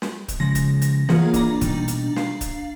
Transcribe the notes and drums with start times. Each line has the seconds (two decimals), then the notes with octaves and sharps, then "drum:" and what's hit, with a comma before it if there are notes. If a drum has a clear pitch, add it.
0.02 drum: snare
0.28 drum: kick C#1, hi-hat
0.40 C#3 F3 G#3 A#6
0.55 drum: kick C#1, hi-hat
0.81 drum: hi-hat
1.09 E3 A#3 F4 G#4 C#5 F#5, drum: snare
1.34 D4 A#5, drum: kick C#1, hi-hat
1.61 B2 G3 D#4, drum: kick C#1, hi-hat
1.88 drum: hi-hat
2.16 F5, drum: snare
2.41 drum: kick C#1, hi-hat